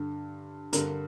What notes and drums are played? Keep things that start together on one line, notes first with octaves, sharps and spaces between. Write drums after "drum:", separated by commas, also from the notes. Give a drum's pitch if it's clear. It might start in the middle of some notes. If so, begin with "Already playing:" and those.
Already playing: G2 D3
G2 D3 A#4, drum: hi-hat